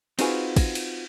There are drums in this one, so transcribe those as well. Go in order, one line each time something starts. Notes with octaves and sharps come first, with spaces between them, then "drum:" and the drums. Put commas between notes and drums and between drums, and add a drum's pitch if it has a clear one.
C4 D#4 F4 F#4 G#4 B4, drum: cymbal
drum: kick, cymbal
drum: cymbal